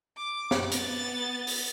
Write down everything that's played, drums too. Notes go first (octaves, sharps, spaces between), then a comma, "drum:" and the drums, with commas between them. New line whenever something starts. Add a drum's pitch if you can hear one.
D6
drum: snare
B3 A6, drum: hi-hat
drum: open hi-hat